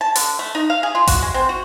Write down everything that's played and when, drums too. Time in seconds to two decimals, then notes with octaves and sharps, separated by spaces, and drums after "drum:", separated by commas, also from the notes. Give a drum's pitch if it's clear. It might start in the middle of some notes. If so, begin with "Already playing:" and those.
0.01 A5
0.16 D3, drum: hi-hat
0.39 A3
0.55 D#4
0.70 F5
0.83 G#4
0.95 F4
1.07 F#4, drum: kick G#1, hi-hat
1.22 G#3
1.34 C4
1.49 F#4